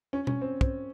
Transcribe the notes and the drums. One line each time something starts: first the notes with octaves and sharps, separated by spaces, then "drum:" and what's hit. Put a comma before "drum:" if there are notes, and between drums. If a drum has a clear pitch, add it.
C#4
C#4, drum: tom B2
C4
C4, drum: kick